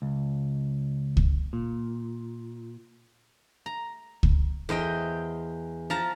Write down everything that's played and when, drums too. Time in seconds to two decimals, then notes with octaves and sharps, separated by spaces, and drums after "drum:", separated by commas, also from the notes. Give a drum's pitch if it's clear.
0.02 C#2
1.17 drum: kick C#2
1.53 A#2
3.66 A#5
4.23 drum: kick C#2
4.69 E2 C5 D#5 G5
5.90 F3 F5 A5 A#5